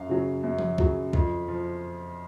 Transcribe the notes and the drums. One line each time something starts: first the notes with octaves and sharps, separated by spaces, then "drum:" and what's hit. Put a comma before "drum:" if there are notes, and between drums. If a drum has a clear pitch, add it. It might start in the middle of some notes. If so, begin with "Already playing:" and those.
Already playing: F#2 F5
C#3 F#3
F#2
drum: tom F3
C#3 F#3, drum: kick
F2, drum: kick
F3